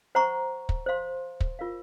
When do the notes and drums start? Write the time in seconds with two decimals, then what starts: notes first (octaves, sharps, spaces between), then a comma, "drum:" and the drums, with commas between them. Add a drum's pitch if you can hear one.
0.15 C5 F#5 A#5 C#6
0.69 drum: kick
0.86 C5 F5 C6
1.40 drum: kick
1.59 F4 A#4 F5